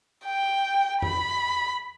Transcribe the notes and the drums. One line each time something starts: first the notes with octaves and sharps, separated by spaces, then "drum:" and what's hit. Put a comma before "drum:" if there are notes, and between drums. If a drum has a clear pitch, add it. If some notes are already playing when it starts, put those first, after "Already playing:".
G5
B5, drum: tom F2